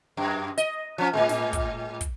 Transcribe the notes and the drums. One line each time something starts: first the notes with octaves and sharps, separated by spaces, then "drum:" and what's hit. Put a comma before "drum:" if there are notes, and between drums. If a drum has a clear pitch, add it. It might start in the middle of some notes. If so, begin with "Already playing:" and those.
F#2
D#5, drum: hi-hat
F3 C#4
A2 C3 G#3
drum: snare
drum: kick, hi-hat
drum: kick, hi-hat